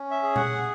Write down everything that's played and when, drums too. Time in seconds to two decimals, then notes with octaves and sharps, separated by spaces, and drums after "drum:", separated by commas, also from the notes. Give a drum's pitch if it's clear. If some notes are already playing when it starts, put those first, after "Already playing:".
Already playing: C#4
0.11 E5
0.23 G#4
0.36 F#5, drum: tom A#2